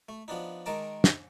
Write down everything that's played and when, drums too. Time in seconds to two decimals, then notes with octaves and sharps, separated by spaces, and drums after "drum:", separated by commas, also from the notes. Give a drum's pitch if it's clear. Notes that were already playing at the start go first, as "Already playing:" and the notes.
0.09 A3
0.28 F3 B3 D4 D#4
0.66 D#3 G#3 A#4 A5 A#5 D6
1.04 drum: snare